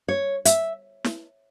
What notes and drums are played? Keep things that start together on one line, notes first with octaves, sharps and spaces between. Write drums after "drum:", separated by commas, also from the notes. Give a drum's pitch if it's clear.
C#5
E5, drum: hi-hat
drum: snare